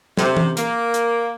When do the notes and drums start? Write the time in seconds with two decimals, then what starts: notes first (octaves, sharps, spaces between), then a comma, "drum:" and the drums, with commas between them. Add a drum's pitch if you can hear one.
0.17 C3, drum: snare
0.37 drum: tom E3
0.57 A#3, drum: hi-hat
0.94 drum: hi-hat